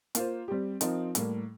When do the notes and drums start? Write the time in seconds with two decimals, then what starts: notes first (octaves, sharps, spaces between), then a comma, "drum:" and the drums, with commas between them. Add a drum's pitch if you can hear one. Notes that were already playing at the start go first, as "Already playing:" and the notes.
0.15 A#3 F4 C5, drum: hi-hat
0.48 G3 C4 G4
0.81 F3 C4 D#4 A#4, drum: hi-hat
1.15 A2 G3 A#3, drum: hi-hat